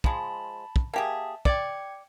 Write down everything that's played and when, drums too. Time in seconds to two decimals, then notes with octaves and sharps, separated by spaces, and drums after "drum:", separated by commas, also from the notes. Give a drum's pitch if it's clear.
0.04 F3 G#3 A5 B5, drum: kick
0.76 drum: kick
0.94 A#3 G4 G#4 E5 A5
1.45 D5 G5 G#6 C#7, drum: kick